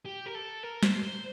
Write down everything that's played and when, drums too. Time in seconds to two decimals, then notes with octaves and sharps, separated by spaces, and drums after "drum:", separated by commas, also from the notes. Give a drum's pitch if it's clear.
0.05 G4
0.26 A#4
0.34 A4
0.63 A#4
0.83 C5, drum: snare
1.02 C5